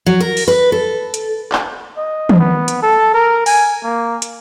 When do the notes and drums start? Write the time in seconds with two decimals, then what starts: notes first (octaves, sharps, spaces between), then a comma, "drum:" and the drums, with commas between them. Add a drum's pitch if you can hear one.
0.06 F#3
0.20 A#4
0.37 drum: open hi-hat
0.48 B4
0.72 A4
1.14 drum: hi-hat
1.52 drum: clap
1.97 D#5
2.29 drum: tom
2.39 B3
2.68 drum: hi-hat
2.82 A4
3.14 A#4
3.46 G#5, drum: open hi-hat
3.83 A#3
4.22 drum: hi-hat